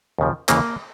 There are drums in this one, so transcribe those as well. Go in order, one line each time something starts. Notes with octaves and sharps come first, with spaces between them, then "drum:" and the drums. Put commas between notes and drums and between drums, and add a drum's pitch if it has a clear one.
D#2 C#3 F3
D#2 C#3 E3 A#3, drum: clap